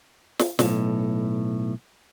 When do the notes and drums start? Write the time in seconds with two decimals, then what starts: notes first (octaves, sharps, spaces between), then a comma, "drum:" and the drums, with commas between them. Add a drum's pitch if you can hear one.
0.39 drum: snare
0.59 B1 A2 C3, drum: snare